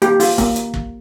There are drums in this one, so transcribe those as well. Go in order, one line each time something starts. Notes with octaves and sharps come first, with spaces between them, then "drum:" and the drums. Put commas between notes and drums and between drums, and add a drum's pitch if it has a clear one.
A#3 G4, drum: hi-hat
F4, drum: open hi-hat
A#3, drum: kick, hi-hat
drum: hi-hat
drum: kick